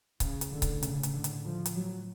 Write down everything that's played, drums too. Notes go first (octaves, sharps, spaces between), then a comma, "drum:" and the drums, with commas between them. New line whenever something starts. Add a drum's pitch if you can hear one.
A2 C#3, drum: kick C#1, hi-hat
drum: hi-hat
D3
drum: kick C#1, hi-hat
C#3, drum: hi-hat
drum: hi-hat
D3
drum: hi-hat
F3
drum: hi-hat
F#3